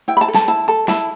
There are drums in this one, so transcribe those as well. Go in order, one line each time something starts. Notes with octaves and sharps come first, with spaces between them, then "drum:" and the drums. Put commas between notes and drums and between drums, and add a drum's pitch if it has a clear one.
E4 G5
B5
A5, drum: hi-hat
A4
A5, drum: snare
E4 A5, drum: hi-hat
A4 A5
E4 A5, drum: snare